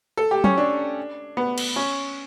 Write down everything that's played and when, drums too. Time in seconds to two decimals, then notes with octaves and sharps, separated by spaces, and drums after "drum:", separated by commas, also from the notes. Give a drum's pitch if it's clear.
0.17 A4
0.31 G4
0.44 C#4, drum: tom
0.58 D4
1.37 B3
1.58 drum: cymbal
1.76 C#4